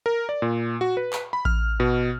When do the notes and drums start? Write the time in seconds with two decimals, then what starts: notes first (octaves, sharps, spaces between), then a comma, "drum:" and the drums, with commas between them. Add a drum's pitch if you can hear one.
0.06 A#4
0.29 D5
0.42 A#2
0.81 F#4
0.97 B4
1.13 drum: clap
1.33 B5
1.45 F6, drum: kick A1
1.80 B2